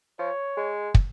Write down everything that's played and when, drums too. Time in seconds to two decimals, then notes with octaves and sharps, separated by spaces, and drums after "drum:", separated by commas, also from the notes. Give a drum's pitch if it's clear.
0.19 F3 C#5
0.57 G#3
0.95 drum: kick